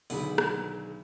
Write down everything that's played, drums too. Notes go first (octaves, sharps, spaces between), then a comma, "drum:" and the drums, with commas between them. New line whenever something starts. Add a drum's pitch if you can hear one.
B1 D3 D#3 G#4 B5, drum: open hi-hat
drum: rim click